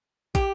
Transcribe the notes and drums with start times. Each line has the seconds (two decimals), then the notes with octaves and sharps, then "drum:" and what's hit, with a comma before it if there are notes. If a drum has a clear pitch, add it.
0.35 G4, drum: kick, hi-hat